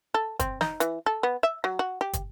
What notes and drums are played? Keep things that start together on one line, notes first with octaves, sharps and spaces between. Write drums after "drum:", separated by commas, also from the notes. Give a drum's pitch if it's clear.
A4
C4, drum: kick, hi-hat
D#4, drum: snare
E3, drum: hi-hat
A4
B3
E5
F#3
F#4
G4
drum: kick, hi-hat